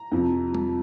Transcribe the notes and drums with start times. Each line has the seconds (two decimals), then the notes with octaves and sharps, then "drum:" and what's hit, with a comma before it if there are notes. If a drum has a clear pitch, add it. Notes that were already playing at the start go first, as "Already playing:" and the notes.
Already playing: A#5
0.12 F2 C3 F3
0.54 drum: tom G3